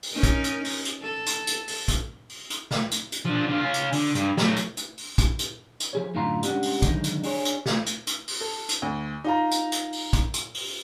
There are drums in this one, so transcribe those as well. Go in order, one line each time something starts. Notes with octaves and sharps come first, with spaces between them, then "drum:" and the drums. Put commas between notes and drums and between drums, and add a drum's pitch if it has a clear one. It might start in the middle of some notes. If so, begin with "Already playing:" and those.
drum: open hi-hat
C#4 D#4 A#4
drum: kick, hi-hat
drum: hi-hat
drum: open hi-hat
drum: hi-hat
A4
drum: hi-hat
drum: hi-hat
drum: open hi-hat
drum: kick, hi-hat
drum: open hi-hat
drum: hi-hat
drum: snare
drum: hi-hat
drum: hi-hat
F3 D4
D3 F4
C#4 F4
drum: hi-hat
D3, drum: open hi-hat
G2, drum: hi-hat
F#3 A3, drum: snare
drum: hi-hat
drum: hi-hat
drum: open hi-hat
drum: kick, hi-hat
drum: hi-hat
drum: hi-hat
F3 G#4 C#5
F#2 A2 D3 F4 A#5 C6
G3 G#3 C#4 D4 F#4, drum: hi-hat
drum: open hi-hat
D3 D#3 F#3 G#3 D#4, drum: kick, hi-hat
drum: hi-hat
D4 G#4 C#5, drum: open hi-hat
drum: hi-hat
drum: snare
drum: hi-hat
drum: hi-hat
drum: open hi-hat
A4
drum: hi-hat
D2
D#4 F4 A#5
drum: hi-hat
drum: hi-hat
drum: open hi-hat
drum: kick, hi-hat
drum: hi-hat
drum: open hi-hat